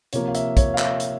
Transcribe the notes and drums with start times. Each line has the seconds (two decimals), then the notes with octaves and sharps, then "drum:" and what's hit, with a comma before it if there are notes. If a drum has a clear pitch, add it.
0.13 C3 F3 A#3 C#5, drum: hi-hat
0.28 F5
0.35 E5, drum: hi-hat
0.57 C#5, drum: kick, hi-hat
0.74 F5
0.78 E5, drum: clap
1.00 drum: hi-hat